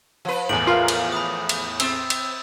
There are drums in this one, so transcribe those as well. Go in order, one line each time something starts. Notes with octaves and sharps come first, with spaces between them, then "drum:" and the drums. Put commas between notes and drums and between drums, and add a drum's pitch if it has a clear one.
F3 B4
E2 A2 D7 F#7
F4 A#4 F5
drum: cymbal
B5 D#6
drum: cymbal
C4 E6 A6, drum: cymbal
drum: cymbal